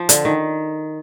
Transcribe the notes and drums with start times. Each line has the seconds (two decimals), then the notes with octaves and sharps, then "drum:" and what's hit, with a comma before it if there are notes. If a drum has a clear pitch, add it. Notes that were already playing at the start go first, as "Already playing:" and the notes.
Already playing: F3
0.09 D3, drum: hi-hat
0.25 D#3